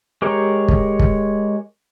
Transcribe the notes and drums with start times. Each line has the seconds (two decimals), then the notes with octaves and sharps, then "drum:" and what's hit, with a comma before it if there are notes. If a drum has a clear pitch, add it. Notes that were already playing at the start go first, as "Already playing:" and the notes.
0.22 G#3 G4 A#4 C#5 A#5
0.68 drum: kick
0.99 drum: kick